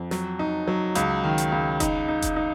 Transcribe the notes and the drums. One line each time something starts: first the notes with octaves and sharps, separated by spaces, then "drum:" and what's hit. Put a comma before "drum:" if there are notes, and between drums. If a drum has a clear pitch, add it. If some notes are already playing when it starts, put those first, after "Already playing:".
Already playing: F2
F#3, drum: snare
D#4
F#3
C#2, drum: hi-hat
D#3
drum: hi-hat
C#2
D#4, drum: kick F1, hi-hat
D#4
drum: kick F1, hi-hat
D#4